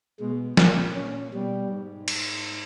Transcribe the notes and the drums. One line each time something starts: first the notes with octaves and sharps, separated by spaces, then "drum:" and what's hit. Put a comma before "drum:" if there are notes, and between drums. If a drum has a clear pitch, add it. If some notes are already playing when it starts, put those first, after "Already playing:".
B2 G#3
A#2 A#3, drum: snare
C#4
B2 G3
G#2
drum: cymbal